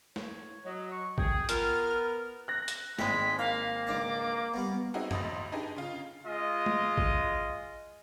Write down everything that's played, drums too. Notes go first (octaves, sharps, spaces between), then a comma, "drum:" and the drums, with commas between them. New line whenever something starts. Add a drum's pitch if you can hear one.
C#5, drum: snare
F#3 D#5
C#6
G#4 G5, drum: kick A1
B3 F4 A#4 F6, drum: hi-hat
F#6 A#6
drum: hi-hat
G#1 G#3 E4 C5 G5 B6, drum: snare
A#3 F5 B5
C#2 D4 A5 D6
B2 G3 B3
C4 C#4 D#4 E4 F#4 G#4
G#1 D2 D#5 B5 A6, drum: tom F#2
D4 D#4 G4 G#4 B4
C#3 F4
G#3 F4 D#5
drum: tom G#3
drum: kick A1